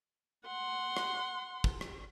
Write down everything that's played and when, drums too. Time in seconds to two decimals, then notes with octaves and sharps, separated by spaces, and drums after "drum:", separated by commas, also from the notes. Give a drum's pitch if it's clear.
0.46 F#5 C6
0.97 drum: rim click
1.64 drum: kick
1.81 drum: rim click